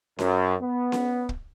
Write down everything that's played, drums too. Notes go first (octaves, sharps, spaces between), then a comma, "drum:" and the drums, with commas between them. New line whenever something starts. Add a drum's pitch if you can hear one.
F#2, drum: snare C#4
B3
drum: snare C#4
drum: kick